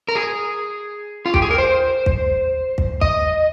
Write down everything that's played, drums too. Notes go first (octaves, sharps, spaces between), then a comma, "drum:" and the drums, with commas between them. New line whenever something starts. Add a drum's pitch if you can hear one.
A#4
G#4
F4
G4, drum: kick
G#4
A#4
C5
drum: kick
drum: kick
D#5, drum: kick